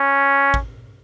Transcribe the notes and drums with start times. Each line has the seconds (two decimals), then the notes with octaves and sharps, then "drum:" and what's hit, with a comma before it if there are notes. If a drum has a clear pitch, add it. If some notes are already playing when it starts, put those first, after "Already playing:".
Already playing: C#4
0.54 drum: kick